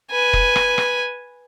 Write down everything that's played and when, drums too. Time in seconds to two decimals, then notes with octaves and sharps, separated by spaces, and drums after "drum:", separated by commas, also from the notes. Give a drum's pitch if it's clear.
0.11 B4 G#5
0.33 drum: kick
0.56 drum: rim click
0.78 drum: rim click